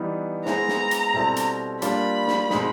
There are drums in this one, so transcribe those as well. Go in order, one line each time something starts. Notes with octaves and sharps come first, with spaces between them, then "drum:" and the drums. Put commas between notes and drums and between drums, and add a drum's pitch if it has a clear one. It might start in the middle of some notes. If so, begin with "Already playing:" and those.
Already playing: E3 G3 B3 D#4
G#3 B3 E4 G#4 C5 A#5, drum: snare
drum: snare
drum: hi-hat
B2 G3 C4 E4 A4
drum: hi-hat
G3 A#3 D4 F4 B5, drum: hi-hat
drum: snare
B2 G#3 C4 D#4, drum: snare